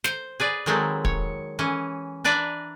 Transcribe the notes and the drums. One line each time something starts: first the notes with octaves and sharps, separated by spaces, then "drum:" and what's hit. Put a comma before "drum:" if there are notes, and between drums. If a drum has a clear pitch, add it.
C5, drum: snare
G#4 B4 D5
D#3 F#3 G#3 C4 E4 A4
C#5, drum: kick
E3 C#4
E3 D4 B4 D5 E5 A#5